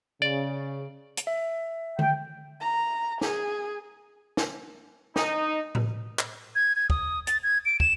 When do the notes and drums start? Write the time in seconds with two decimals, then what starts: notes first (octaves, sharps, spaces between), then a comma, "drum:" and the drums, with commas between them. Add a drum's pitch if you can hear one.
0.22 C#3 D5
1.17 drum: hi-hat
1.27 E5
1.99 G5, drum: tom D3
2.61 A#5
3.21 G#4, drum: snare
4.37 drum: snare
5.16 D#4, drum: snare
5.75 drum: tom A2
6.19 drum: clap
6.55 G#6
6.76 G#6
6.90 D#6, drum: kick
7.27 A6, drum: hi-hat
7.43 G#6
7.65 D7
7.80 E7, drum: kick